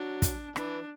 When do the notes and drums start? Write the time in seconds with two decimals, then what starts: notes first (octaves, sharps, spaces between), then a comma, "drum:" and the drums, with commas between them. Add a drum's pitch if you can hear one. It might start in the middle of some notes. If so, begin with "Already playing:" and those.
Already playing: F#3 D4
0.22 drum: kick, hi-hat
0.56 E3 D4, drum: rim click